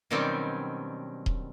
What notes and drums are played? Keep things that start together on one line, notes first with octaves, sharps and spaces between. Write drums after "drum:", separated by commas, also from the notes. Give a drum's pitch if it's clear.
B2 D#3 F#3 G3 C4 C#4
drum: kick D#1